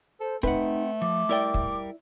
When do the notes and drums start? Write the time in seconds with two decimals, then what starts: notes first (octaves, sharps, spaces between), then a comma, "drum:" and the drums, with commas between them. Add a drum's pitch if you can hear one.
0.20 A4 C5
0.43 A3 C4 D#4 B4 F#5, drum: kick
1.02 F3 D6
1.29 G3 E4 A#4 D5 G5
1.54 drum: kick